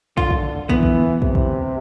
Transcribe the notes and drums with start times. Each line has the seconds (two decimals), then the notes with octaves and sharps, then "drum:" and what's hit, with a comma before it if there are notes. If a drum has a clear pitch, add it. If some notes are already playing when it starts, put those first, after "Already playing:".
0.17 D3 F4, drum: kick
0.30 drum: kick
0.69 E3 B3, drum: kick
0.83 drum: kick
1.22 C3, drum: kick
1.35 drum: kick